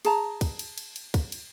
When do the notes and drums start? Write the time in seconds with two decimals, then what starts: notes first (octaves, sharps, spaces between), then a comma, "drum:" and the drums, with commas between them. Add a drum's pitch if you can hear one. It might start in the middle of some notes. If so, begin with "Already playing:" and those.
0.05 G#4 A5 A#5, drum: cymbal
0.41 drum: kick, cymbal
0.59 drum: cymbal
0.78 drum: cymbal
0.96 drum: cymbal
1.14 drum: kick, cymbal
1.32 drum: cymbal